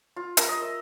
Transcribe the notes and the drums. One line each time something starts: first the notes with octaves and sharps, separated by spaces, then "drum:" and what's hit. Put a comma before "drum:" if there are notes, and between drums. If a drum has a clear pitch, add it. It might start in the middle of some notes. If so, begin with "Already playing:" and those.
F4
A#4, drum: hi-hat
D#5
E5